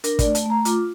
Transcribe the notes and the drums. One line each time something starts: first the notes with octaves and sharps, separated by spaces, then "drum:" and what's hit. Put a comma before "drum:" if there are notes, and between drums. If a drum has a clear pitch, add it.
D4 A#4, drum: hi-hat
D5, drum: kick, hi-hat
A3
A5, drum: hi-hat
A3 A#5
F4 D6, drum: hi-hat